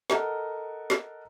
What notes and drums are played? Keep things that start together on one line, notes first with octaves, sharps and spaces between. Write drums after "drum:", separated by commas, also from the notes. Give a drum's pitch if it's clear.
A4 A#4 D#5 F#5, drum: snare
drum: snare